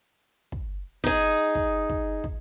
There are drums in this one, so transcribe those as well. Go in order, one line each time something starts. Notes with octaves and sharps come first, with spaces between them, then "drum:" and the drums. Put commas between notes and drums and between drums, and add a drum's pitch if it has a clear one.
drum: kick
D#4 G#4, drum: kick
drum: kick
drum: kick
drum: kick